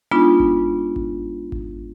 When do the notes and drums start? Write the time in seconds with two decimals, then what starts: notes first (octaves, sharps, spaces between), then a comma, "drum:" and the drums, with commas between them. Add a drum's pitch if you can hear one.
0.11 G#3 B3 D4 D#4 F4
0.40 drum: kick G#1
0.96 drum: kick G#1
1.52 drum: kick G#1